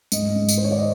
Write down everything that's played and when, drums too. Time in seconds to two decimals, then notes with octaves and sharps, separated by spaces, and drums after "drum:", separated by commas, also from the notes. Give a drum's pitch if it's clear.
0.12 G#2 D#5, drum: tambourine
0.36 G#2
0.49 drum: tambourine
0.58 C5
0.61 D#3 C#5
0.71 D5
0.78 D#5